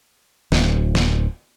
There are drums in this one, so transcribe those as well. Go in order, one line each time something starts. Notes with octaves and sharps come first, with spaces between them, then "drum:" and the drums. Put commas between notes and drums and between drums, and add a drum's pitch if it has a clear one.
D1, drum: snare
drum: snare